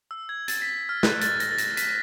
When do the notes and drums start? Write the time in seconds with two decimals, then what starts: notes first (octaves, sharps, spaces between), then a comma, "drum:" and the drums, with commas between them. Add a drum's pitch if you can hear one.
0.11 E6
0.29 G#6
0.48 A6, drum: hi-hat
0.62 B6
0.89 F6
1.03 F#6, drum: snare
1.21 A6, drum: hi-hat
1.40 A#6, drum: hi-hat
1.51 A6
1.58 A#6, drum: hi-hat
1.77 B6, drum: hi-hat